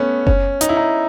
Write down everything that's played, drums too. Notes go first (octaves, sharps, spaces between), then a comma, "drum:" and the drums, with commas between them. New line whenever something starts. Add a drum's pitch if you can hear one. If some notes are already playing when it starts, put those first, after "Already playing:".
Already playing: A3 B3 C#4
C#4, drum: kick F#1
D#4, drum: hi-hat
E4
D#4